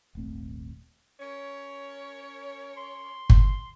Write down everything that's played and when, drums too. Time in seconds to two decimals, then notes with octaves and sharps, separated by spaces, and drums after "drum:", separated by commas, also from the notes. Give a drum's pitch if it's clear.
0.15 D#1 G#1 A3 C4
1.20 C#4 A#4 C#5
2.77 C6
3.30 drum: kick G1